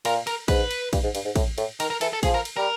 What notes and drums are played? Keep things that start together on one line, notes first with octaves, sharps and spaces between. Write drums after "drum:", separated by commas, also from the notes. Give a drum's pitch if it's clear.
A#2 A#4, drum: cymbal
A#4, drum: cymbal
G#2 B4, drum: kick, cymbal
drum: cymbal
G2, drum: kick, cymbal
G#2
G2, drum: cymbal
G#2
A2, drum: kick, cymbal
A2, drum: cymbal
D#3 A#4, drum: cymbal
A#4
E3 A4, drum: cymbal
A4
F3 G#4, drum: kick, cymbal
A#4
drum: cymbal
G3 A#4